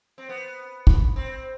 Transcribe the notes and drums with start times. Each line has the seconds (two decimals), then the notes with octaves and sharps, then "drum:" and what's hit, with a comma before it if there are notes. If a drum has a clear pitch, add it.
0.18 C4
0.29 B3
0.87 drum: kick
1.16 C4